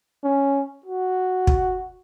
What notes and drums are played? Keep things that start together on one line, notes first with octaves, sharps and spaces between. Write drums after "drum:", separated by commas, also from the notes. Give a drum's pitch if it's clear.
C#4
F#4
drum: kick